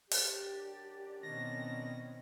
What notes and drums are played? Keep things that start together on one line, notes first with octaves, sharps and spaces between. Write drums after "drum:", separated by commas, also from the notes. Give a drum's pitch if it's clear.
F#2 D4 G4 D5, drum: open hi-hat
B2 D#3 C4 C#4 A#6